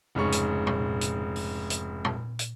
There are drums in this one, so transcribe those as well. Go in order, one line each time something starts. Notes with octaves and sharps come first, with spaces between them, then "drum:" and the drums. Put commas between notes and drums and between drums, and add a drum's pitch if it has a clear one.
F1 G#2 C#3 C#6
drum: hi-hat
drum: tom A#2
drum: hi-hat
drum: open hi-hat
drum: hi-hat
drum: tom A#2
drum: hi-hat